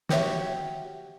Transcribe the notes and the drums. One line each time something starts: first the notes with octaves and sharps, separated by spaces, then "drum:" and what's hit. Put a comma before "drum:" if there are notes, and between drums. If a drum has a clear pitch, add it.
F#4 G4 C#5 E5, drum: snare